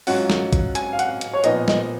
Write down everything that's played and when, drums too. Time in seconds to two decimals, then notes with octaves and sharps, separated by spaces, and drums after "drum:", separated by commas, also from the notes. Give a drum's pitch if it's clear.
0.07 G#2 F#3 C#4 F4 F#5, drum: open hi-hat
0.30 drum: snare
0.53 drum: kick, hi-hat
0.75 G#5, drum: hi-hat
0.93 F5
0.99 F#5, drum: hi-hat
1.21 drum: hi-hat
1.34 C#5
1.44 A#2 F3 B3 D#4 D#5, drum: hi-hat
1.68 D#5, drum: snare